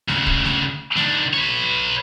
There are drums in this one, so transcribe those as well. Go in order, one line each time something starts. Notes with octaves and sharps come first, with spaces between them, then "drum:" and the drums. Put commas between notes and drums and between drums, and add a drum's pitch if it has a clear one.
D2 C#3, drum: snare A3
drum: kick
drum: snare A3
D#3 D4, drum: snare A3
B4 C#5